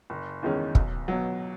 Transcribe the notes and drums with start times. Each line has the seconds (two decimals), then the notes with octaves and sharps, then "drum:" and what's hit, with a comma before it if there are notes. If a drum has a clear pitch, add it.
0.10 F#1
0.43 E2 D#3 G#3 C#4
0.75 B1, drum: kick
1.08 B2 F#3